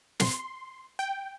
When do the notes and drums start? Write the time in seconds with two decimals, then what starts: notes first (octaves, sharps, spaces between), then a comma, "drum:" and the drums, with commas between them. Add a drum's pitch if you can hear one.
0.20 C6, drum: snare
0.99 G5